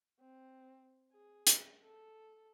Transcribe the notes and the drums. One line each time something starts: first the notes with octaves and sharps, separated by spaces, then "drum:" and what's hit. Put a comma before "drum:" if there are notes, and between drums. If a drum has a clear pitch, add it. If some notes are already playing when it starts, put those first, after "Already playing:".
C4
G#4
drum: hi-hat
A4